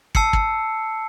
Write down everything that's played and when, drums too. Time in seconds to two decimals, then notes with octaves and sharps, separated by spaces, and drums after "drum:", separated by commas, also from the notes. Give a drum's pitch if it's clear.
0.15 A5 E6 C7 C#7, drum: kick
0.33 drum: kick